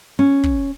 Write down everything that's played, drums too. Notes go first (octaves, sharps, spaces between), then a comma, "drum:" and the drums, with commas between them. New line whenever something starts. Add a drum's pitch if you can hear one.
C#4
drum: kick